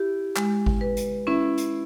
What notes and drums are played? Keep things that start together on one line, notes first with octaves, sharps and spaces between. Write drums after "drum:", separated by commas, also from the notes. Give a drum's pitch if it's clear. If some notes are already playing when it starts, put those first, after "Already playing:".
Already playing: E4 G4
G#3, drum: clap
drum: kick G#1
B4
drum: hi-hat
C#4 E4
drum: hi-hat